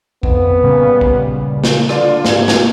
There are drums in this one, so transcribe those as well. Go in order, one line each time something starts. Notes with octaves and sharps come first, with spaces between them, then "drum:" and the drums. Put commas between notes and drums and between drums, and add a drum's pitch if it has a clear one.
F2 B3, drum: kick
A#2 C#3 G3
drum: kick
drum: snare
D3 F4 D5, drum: rim click
G#2 C3 G#6, drum: snare
drum: snare